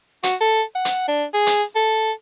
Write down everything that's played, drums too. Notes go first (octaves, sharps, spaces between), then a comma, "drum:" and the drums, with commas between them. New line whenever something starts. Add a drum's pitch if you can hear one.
F#4, drum: hi-hat
A4
F#5
drum: hi-hat
D4
G#4
drum: hi-hat
A4